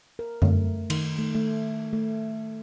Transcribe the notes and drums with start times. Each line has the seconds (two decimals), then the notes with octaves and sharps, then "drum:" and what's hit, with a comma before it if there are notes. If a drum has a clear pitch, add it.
0.19 A#4
0.42 A3, drum: tom F#2
0.90 D#3, drum: cymbal
1.18 A3
1.35 A3
1.93 A3